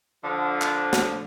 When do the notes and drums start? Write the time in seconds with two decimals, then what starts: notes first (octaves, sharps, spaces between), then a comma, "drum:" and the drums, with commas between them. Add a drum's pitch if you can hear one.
0.24 D3 F3
0.62 drum: clap
0.93 drum: snare